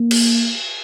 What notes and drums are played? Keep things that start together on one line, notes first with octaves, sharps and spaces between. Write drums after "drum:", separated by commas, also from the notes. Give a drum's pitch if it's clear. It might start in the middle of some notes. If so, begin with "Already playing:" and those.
Already playing: A#3
drum: cymbal